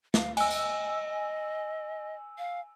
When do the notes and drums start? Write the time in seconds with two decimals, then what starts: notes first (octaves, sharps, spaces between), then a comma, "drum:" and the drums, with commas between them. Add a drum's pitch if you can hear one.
0.14 F5, drum: snare
0.37 D#5 G#5 E6, drum: cymbal
0.50 drum: tambourine
2.38 F5